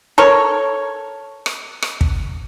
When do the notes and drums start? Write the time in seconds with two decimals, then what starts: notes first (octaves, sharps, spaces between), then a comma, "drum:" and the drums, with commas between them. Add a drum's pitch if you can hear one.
0.18 A4 A#4 C#5
1.46 drum: rim click
1.82 drum: rim click
2.01 drum: kick